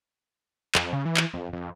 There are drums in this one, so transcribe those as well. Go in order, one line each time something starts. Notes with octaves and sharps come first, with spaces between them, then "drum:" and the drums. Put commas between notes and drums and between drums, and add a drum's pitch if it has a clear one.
F2, drum: clap
C#3
E3
drum: clap
F2
F2